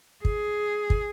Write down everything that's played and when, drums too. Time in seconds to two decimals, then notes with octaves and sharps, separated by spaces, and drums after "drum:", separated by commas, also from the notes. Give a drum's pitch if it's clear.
0.25 G#4, drum: kick
0.90 drum: kick